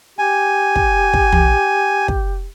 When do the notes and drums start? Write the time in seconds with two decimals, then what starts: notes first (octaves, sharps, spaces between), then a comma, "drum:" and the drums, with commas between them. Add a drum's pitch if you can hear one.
0.19 G4 G#5
0.76 drum: kick
1.13 drum: kick
1.32 drum: tom
2.08 drum: kick